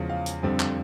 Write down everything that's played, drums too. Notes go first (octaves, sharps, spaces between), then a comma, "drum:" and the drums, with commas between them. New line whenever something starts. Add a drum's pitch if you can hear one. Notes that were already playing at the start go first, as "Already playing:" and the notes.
Already playing: E2 C#3 F3 G#3
F5
drum: hi-hat
F2 D3 G3 C4
drum: clap